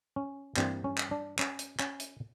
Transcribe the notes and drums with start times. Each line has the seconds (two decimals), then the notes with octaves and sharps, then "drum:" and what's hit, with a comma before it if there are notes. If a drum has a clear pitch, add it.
0.16 C#4
0.57 G2 E3 G3 A#3 C4, drum: clap
0.84 C#4
0.98 drum: clap
1.11 D4
1.39 C#4, drum: clap
1.59 drum: hi-hat
1.79 C#4, drum: clap
2.00 drum: hi-hat